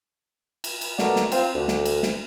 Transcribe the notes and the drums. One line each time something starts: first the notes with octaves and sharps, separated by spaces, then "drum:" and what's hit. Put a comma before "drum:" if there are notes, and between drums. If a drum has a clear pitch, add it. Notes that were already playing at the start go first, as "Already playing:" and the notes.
drum: cymbal
drum: cymbal
B2 A3 D4 A#4 D5 F#5, drum: snare
drum: snare
C4 F4, drum: cymbal
D2
drum: snare
drum: cymbal
drum: snare